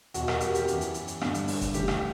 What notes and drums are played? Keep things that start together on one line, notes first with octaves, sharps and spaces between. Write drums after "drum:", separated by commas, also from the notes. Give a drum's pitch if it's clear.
E2 B2 F#4, drum: hi-hat
A#4, drum: rim click
G4, drum: hi-hat
G4, drum: hi-hat
F#2 E3, drum: hi-hat
drum: hi-hat
drum: hi-hat
drum: hi-hat
G2 D3, drum: rim click
drum: hi-hat
drum: open hi-hat
drum: kick F1, hi-hat
D2 C#3 E3 G4, drum: hi-hat
drum: rim click